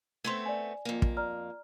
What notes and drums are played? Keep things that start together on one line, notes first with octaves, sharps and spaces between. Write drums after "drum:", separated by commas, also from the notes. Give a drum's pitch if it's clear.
A3 B3 C4 C6 G#6
D5 G#5
F2 A#3
drum: kick
D5 A#5 F6